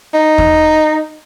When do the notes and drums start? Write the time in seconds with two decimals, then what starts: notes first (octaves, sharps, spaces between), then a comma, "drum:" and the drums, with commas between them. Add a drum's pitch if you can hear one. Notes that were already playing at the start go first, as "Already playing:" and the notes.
0.14 D#4
0.38 drum: kick